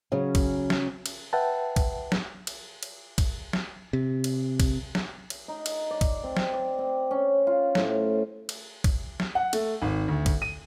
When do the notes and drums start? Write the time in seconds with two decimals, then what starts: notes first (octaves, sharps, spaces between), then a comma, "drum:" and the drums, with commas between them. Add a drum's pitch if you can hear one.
0.12 C#3 F#3 C#4
0.35 drum: kick, cymbal
0.70 drum: snare
1.06 drum: cymbal
1.33 B4 E5 F#5 G5 A5
1.76 drum: kick, cymbal
2.12 drum: snare
2.47 drum: cymbal
2.83 drum: cymbal
3.18 drum: kick, cymbal
3.53 drum: snare
3.93 C3
4.24 drum: cymbal
4.60 drum: kick, cymbal
4.95 drum: snare
5.30 drum: cymbal
5.48 D#4
5.66 drum: cymbal
5.91 D5
6.01 drum: kick, cymbal
6.24 C4
6.37 drum: snare
6.53 D5
6.79 C4
7.11 C#4
7.47 F4
7.75 A2, drum: snare
8.49 drum: cymbal
8.84 drum: kick, cymbal
9.20 drum: snare
9.35 F#5
9.53 A3, drum: cymbal
9.82 G#1
10.08 D2
10.26 drum: kick, cymbal
10.42 D#7